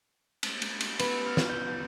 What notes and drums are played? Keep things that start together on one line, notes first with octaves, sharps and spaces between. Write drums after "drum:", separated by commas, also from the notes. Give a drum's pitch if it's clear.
drum: cymbal
drum: cymbal
drum: cymbal
B3, drum: cymbal
F6
drum: snare
G6